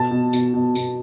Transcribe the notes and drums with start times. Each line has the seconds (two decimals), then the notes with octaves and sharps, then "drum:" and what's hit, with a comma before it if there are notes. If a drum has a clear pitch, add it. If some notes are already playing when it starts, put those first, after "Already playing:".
Already playing: B2 A5
0.11 B2
0.33 B2, drum: tambourine
0.54 B2
0.75 B2, drum: tambourine